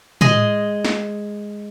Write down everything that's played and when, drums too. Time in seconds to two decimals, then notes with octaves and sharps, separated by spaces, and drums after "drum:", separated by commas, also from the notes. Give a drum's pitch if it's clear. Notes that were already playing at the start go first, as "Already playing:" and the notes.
0.21 G#3 D#5, drum: tom
0.85 drum: snare